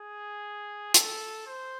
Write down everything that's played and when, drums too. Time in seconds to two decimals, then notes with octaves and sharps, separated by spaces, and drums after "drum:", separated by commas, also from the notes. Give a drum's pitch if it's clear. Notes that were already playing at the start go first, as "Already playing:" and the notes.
Already playing: G#4
0.94 A4, drum: hi-hat
1.47 C5